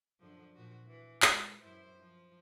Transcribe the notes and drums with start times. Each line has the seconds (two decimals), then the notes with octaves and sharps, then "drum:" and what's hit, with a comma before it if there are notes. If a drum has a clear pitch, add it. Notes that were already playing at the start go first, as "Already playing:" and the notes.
0.20 F#2 D3 F3
0.55 A#2 F3 F#4
0.86 E3
1.22 G#3 A#4, drum: clap
1.60 F#2 E4 C5
1.99 F3